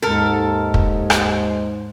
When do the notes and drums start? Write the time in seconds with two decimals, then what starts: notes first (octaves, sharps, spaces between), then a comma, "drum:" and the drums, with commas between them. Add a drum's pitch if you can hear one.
0.02 D#2 G#2 G#3 A4 A#4
0.74 drum: kick
1.10 drum: rim click